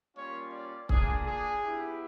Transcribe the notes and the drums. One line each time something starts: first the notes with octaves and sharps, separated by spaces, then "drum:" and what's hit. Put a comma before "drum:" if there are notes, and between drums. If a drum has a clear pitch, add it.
G3 A#3 C#4 F4 C#5
D5
A#3 D4 F4 G#4, drum: kick C#1
G#4
B3 E4 G4